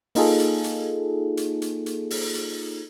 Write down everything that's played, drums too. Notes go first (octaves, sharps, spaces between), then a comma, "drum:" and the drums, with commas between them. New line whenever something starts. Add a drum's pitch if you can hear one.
A#3 D#4 F4 G#4 A4, drum: open hi-hat
drum: hi-hat
drum: hi-hat
drum: hi-hat
drum: hi-hat
drum: hi-hat
drum: open hi-hat
drum: hi-hat